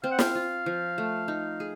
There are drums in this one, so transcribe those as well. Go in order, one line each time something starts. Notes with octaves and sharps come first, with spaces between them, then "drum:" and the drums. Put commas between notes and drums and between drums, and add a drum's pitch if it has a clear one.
C4 F5
F#5
F5, drum: snare
F4
F3
A3
D#4
G#4